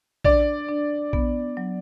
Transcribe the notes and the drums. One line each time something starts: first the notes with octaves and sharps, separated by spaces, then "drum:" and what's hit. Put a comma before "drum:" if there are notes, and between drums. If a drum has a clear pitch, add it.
D4 D5, drum: kick A#1
D4
B3, drum: kick A#1
F#3